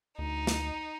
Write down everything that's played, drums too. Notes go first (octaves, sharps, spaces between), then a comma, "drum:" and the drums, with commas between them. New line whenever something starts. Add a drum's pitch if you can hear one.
D2 D#4
drum: snare